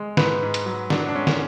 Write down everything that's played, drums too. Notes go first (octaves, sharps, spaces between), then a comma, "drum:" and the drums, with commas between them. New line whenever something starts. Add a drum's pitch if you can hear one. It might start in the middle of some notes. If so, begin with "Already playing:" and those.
Already playing: G#3
G#2 B4, drum: snare
G#2
drum: hi-hat
F#3
F#3 D4, drum: snare
D4
G#2 C#4
drum: snare